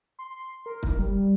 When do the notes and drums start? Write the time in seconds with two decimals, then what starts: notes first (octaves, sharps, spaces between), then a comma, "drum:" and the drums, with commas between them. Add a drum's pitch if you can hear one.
0.19 C6
0.66 A#4
0.83 drum: kick
0.99 G3